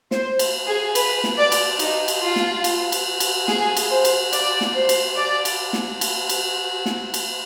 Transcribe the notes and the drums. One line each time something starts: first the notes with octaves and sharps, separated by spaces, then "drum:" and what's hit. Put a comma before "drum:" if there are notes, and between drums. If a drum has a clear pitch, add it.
C5, drum: snare
drum: cymbal
G#4
B4, drum: cymbal
drum: snare
D5
drum: cymbal
D#4, drum: cymbal
drum: cymbal
F4
drum: snare
drum: cymbal
drum: cymbal
drum: cymbal
G#4, drum: snare
drum: cymbal
C5
drum: cymbal
D5, drum: cymbal
drum: snare
C5
drum: cymbal
D5
drum: cymbal
drum: snare
drum: cymbal
drum: cymbal
drum: snare
drum: cymbal